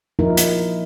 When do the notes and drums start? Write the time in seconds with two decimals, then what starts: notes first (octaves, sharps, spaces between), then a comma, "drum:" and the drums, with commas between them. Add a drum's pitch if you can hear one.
0.19 F3 A#3 D#4 E4 A#4
0.37 drum: hi-hat